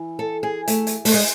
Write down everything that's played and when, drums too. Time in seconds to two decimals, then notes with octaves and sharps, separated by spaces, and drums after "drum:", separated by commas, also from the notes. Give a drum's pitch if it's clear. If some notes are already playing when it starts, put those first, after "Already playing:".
Already playing: E3
0.19 A4
0.43 G#4
0.68 A3, drum: hi-hat
0.87 drum: hi-hat
1.05 A3, drum: open hi-hat
1.14 G#3